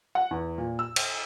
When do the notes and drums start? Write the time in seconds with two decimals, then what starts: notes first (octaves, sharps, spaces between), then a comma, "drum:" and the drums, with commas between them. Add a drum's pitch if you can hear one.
0.15 F#5
0.31 E2
0.58 A#2
0.79 E6
0.96 drum: cymbal